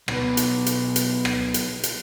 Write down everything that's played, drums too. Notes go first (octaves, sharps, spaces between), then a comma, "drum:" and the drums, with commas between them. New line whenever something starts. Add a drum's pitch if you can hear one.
B1 B2, drum: rim click
drum: hi-hat
drum: hi-hat
drum: hi-hat
drum: rim click
drum: hi-hat
drum: hi-hat